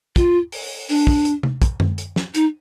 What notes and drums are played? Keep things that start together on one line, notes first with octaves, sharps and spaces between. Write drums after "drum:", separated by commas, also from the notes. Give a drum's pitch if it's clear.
F4, drum: kick, hi-hat
drum: open hi-hat
D4, drum: open hi-hat
drum: kick
drum: hi-hat
drum: tom
drum: kick, hi-hat
drum: tom F#2
drum: hi-hat
drum: snare
D#4, drum: hi-hat